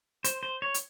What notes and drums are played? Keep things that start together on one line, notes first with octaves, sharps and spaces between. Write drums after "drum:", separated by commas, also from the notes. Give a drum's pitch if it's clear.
C5, drum: hi-hat
C5
C#5
drum: hi-hat